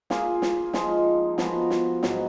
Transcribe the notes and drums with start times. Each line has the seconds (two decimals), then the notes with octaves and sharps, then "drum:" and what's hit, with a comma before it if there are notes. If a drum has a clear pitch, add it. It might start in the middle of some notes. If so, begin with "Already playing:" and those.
0.10 A#3 F4 G#4, drum: snare
0.42 drum: snare
0.73 F3 G#3 D#4, drum: snare
1.38 F3 B3 F#4 A#4, drum: snare
1.70 drum: snare
2.03 G#2 F#3 B3 F#4, drum: snare